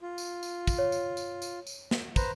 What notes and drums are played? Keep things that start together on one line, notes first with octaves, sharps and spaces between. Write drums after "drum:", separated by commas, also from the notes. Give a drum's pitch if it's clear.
F4
drum: tambourine
drum: tambourine
drum: kick, tambourine
C#5
drum: tambourine
drum: tambourine
drum: tambourine
drum: tambourine
drum: snare
B4 C5 A#5, drum: kick, tambourine